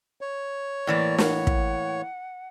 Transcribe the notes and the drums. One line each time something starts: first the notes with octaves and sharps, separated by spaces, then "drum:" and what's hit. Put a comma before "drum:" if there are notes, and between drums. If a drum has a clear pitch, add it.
C#5
A2 E3 A#3 D5
F#5, drum: snare
drum: kick